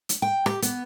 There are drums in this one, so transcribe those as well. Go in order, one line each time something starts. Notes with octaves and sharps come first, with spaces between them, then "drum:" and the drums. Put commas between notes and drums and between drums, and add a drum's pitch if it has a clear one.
drum: hi-hat
G5
G4, drum: rim click
B3, drum: hi-hat